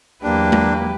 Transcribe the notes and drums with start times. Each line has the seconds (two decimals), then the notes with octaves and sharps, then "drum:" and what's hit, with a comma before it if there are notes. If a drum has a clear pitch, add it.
0.23 E2 F#3 A#3 D4 G4 B4
0.52 drum: tom G#3